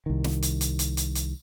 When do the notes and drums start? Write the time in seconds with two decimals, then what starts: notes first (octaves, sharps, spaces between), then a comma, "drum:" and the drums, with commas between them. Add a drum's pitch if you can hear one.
0.06 C2 D#3
0.24 drum: snare
0.42 drum: hi-hat
0.61 drum: hi-hat
0.79 drum: hi-hat
0.97 drum: hi-hat
1.15 drum: hi-hat